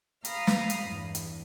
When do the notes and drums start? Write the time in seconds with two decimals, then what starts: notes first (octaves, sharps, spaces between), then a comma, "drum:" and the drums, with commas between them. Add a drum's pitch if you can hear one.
0.25 F5 A#5 B5 D#6 F6, drum: hi-hat
0.47 drum: snare
0.70 drum: hi-hat
0.82 E2 G2
1.15 drum: hi-hat